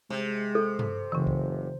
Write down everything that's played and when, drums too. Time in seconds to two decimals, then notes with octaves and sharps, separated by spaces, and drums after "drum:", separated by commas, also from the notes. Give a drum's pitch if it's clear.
0.10 C3 G#3
0.55 A4
0.79 drum: tom G2
1.12 F#1 C#3 E3
1.27 drum: kick C2